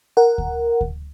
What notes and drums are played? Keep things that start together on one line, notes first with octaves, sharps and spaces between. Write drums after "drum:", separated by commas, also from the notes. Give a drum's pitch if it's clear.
A#4 F#5
drum: kick D2
drum: kick D2